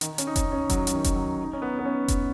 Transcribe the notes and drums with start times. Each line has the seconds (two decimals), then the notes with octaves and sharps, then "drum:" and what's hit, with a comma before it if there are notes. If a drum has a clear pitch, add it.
0.01 D#3, drum: hi-hat
0.18 C#4, drum: hi-hat
0.27 D#4
0.36 C#4, drum: kick F1, hi-hat
0.52 C#4
0.70 F#3, drum: kick F1, hi-hat
0.87 F#3, drum: hi-hat
0.93 D#3
1.04 drum: kick F1, hi-hat
1.15 F#3
1.44 D#4
1.53 C#4
1.62 B3
1.79 B3
1.85 C#4
2.08 drum: kick F1, hi-hat